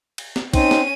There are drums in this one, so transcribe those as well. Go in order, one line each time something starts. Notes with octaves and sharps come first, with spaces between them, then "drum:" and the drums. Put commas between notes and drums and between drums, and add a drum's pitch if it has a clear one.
drum: cymbal
drum: snare
C4 C#4 D#4 D#7, drum: kick, cymbal
drum: snare